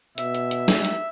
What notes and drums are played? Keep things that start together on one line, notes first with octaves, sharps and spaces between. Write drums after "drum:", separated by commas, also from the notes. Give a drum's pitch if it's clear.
B2 E5, drum: hi-hat
drum: hi-hat
drum: hi-hat
drum: snare
drum: hi-hat